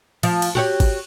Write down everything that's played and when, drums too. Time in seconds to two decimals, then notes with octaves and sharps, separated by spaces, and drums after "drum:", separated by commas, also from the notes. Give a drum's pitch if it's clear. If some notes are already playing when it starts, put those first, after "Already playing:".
0.23 F3, drum: cymbal
0.42 drum: cymbal
0.55 F#4 G4 C#5
0.80 drum: kick G#1, cymbal